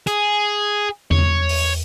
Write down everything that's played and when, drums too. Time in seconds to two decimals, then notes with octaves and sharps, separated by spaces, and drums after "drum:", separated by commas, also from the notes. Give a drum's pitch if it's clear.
0.07 G#4, drum: hi-hat
1.11 C#5, drum: tom E2
1.49 drum: open hi-hat